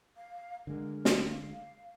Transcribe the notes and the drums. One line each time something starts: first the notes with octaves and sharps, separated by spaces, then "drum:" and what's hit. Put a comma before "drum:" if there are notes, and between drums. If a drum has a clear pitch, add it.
F5
D3 G#3 A#4
drum: snare
F5